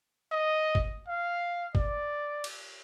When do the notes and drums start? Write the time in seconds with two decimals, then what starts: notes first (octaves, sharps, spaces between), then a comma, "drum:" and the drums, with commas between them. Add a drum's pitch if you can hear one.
0.32 D#5
0.75 drum: kick G#1
1.08 F5
1.75 D5, drum: kick G#1
2.44 drum: cymbal